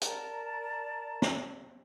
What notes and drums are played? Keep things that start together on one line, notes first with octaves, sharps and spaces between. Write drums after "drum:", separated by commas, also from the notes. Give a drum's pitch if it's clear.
A#4 D5 A5 A#5, drum: hi-hat
drum: snare